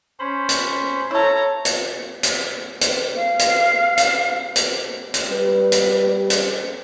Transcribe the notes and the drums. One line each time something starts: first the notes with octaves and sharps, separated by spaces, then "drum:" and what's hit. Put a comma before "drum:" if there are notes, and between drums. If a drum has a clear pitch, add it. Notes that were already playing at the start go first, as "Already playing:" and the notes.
C#4 C5 B5
drum: hi-hat
E4 A4 C#5 A#5
drum: hi-hat
drum: hi-hat
drum: hi-hat
F5
drum: hi-hat
drum: hi-hat
drum: hi-hat
drum: hi-hat
G3 B4
drum: hi-hat
drum: hi-hat